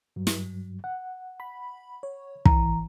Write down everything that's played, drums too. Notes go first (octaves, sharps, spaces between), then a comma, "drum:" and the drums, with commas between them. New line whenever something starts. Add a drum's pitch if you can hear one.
G2 F#3
drum: snare
F#5
B5
C#5
G#1 E3 A#5, drum: kick